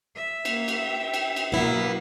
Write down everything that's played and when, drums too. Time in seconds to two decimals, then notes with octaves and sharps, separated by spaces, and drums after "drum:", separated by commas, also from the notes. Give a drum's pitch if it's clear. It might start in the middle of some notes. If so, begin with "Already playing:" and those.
0.15 E5
0.45 A#3, drum: cymbal
0.68 drum: cymbal
0.85 G5
1.14 drum: cymbal
1.36 drum: cymbal
1.52 B2 F#3 A#3 B3 E4